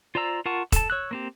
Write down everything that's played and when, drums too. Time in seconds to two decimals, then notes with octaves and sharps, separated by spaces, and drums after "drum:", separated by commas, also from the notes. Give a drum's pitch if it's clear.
0.15 F4 C5 D5 A#5 E6
0.46 F4 A#4 F#5 A5 C#6
0.72 A4 A5, drum: kick E1, hi-hat
0.90 C#5 E6 F#6
1.11 A#3 C4 G4